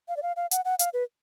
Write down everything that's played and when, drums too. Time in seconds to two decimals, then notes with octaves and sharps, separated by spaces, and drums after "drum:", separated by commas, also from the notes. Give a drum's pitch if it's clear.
0.08 F5
0.17 D5
0.23 F5
0.36 F5
0.51 F#5, drum: hi-hat
0.65 F#5
0.79 F5, drum: hi-hat
0.94 B4